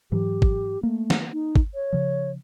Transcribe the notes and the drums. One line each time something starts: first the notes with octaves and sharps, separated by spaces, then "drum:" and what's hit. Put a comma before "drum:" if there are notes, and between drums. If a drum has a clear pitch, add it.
G#2 E3 F#3 G4
drum: kick
A3 A#3
drum: snare
D#4
drum: kick
C#5
C#3 F3